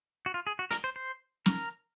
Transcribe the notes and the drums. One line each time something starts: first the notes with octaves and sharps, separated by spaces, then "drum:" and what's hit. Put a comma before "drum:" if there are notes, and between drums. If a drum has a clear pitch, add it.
F#4
F4
G#4
F#4
A#4, drum: hi-hat
C5
C5
A#4, drum: snare